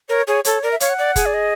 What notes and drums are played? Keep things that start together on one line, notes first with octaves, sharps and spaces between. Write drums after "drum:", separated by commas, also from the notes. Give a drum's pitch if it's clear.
A#4 C#5
G#4 C#5
A4 C#5, drum: hi-hat
A#4 D5
E5
C#5 F5, drum: hi-hat
F#5
D5
G#4, drum: kick, hi-hat
D5
D#5